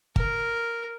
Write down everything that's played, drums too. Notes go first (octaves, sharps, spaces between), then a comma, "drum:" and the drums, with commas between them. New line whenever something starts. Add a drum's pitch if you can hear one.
A#4, drum: kick